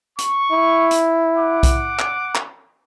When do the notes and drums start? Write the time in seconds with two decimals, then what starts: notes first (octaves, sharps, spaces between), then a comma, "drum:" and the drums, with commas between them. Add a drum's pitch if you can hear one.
0.19 C#6, drum: hi-hat
0.52 E4
0.91 drum: hi-hat
1.38 F#5 D6
1.63 drum: kick B1, hi-hat
1.99 drum: clap
2.35 drum: clap